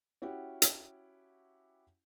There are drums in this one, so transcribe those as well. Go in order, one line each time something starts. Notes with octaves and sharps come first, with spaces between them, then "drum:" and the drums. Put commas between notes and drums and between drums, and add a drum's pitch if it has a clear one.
C#4 E4 F#4 G4 F#5
drum: hi-hat